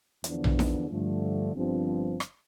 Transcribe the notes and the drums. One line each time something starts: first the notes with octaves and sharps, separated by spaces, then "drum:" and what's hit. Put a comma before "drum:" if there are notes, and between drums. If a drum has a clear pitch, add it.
E2 D3 F3 B3 D4, drum: hi-hat
drum: tom A#1
drum: snare D#4
G2 D3 F3 A3
G1 G2 F3 C4
drum: rim click